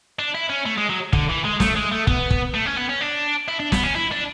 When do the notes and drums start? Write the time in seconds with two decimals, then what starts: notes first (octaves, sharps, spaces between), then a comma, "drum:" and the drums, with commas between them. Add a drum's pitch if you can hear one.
0.19 D4
0.35 E4
0.50 C#4
0.66 A3
0.78 G#3
0.89 F#3
1.13 D3, drum: kick
1.29 E3
1.44 G#3
1.60 A3, drum: snare
1.75 G#3
1.92 A3
2.07 B3, drum: kick
2.31 drum: kick
2.54 A3
2.66 C#4
2.77 B3
2.89 C#4
3.01 D4
3.48 E4
3.60 D4
3.72 B3, drum: snare
3.83 C#4
3.95 E4
4.11 D4